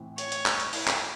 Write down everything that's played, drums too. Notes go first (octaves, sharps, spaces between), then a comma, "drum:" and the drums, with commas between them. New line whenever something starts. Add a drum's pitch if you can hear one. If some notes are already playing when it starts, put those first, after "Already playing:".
Already playing: A2 E3 C4
C#5, drum: hi-hat
drum: hi-hat
drum: clap
drum: hi-hat
E4, drum: open hi-hat
drum: clap